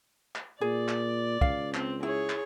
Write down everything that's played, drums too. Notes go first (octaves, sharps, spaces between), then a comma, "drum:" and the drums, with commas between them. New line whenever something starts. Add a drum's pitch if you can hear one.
drum: clap
A#2 G#4 D5
drum: clap
C#2 F5, drum: kick
C4, drum: clap
E4 G#4 C#5
drum: clap